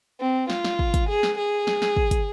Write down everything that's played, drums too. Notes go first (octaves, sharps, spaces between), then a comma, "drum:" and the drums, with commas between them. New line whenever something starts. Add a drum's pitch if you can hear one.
C4
F4, drum: snare
drum: snare
drum: kick
drum: kick, hi-hat
G#4
drum: snare
G#4
drum: snare
drum: snare
drum: kick
drum: kick, hi-hat